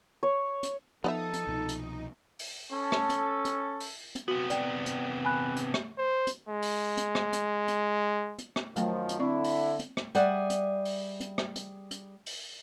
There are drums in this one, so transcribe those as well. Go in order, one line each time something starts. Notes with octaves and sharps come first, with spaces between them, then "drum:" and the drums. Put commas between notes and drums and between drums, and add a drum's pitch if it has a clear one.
C#5
drum: hi-hat
F3 B3 D#4 A4 D5 E5
drum: hi-hat
C2 B2 F3
drum: hi-hat
drum: open hi-hat
C#4 A4
drum: rim click
drum: hi-hat
drum: hi-hat
drum: open hi-hat
drum: hi-hat
C3 B3 F#4
D5 G5, drum: hi-hat
drum: hi-hat
G#5 B5 F#6
drum: hi-hat
drum: rim click
C5
drum: hi-hat
G#3
drum: open hi-hat
drum: hi-hat
drum: rim click
drum: hi-hat
drum: hi-hat
drum: hi-hat
drum: rim click
F#2 D#3 F3 F#3 A3 G5, drum: hi-hat
drum: hi-hat
D3 C4 E4 D5 C#6
drum: open hi-hat
drum: hi-hat
drum: rim click
G3 G#4 D5 E5 F#5, drum: hi-hat
drum: hi-hat
drum: open hi-hat
drum: hi-hat
drum: rim click
drum: hi-hat
drum: hi-hat
drum: open hi-hat